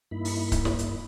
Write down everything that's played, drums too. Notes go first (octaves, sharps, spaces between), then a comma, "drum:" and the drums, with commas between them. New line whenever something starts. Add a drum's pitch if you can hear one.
G2 A#3 D#4 E4 B5
drum: open hi-hat
drum: kick C#1, hi-hat
drum: snare
drum: hi-hat